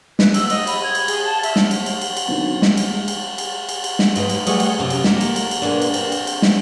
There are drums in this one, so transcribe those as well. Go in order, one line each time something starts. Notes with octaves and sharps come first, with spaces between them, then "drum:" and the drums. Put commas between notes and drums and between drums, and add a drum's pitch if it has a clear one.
B4, drum: snare
E6, drum: cymbal
D#5, drum: cymbal
B5, drum: cymbal
G#6
drum: cymbal
G#4, drum: cymbal
A5
E5, drum: cymbal
drum: snare
drum: cymbal
drum: cymbal
drum: cymbal
drum: cymbal
D3 D#3 F#3 B3 C4
C#4
drum: snare
drum: cymbal
G#3
drum: cymbal
drum: cymbal
drum: cymbal
drum: cymbal
drum: snare
G#2 G#3 B4, drum: cymbal
drum: cymbal
G3 A3 G#4 D#5 F#5, drum: cymbal
drum: cymbal
F#2 C3
drum: cymbal
A#3 A4 A#4, drum: snare
drum: cymbal
drum: cymbal
drum: cymbal
B2 G#3 A#3 B3 D4
drum: cymbal
D3 C4, drum: cymbal
drum: cymbal
drum: cymbal
drum: snare